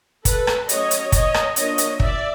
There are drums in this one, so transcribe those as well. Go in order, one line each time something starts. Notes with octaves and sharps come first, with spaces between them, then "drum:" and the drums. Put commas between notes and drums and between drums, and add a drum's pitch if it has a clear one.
A4 B4, drum: kick, hi-hat
drum: rim click
F#3 A3 C#4 C#5 D#5, drum: hi-hat
drum: hi-hat
C#5 D#5, drum: kick, hi-hat
drum: rim click
F3 A#3 D4 C#5 D#5, drum: hi-hat
drum: hi-hat
D5 E5, drum: kick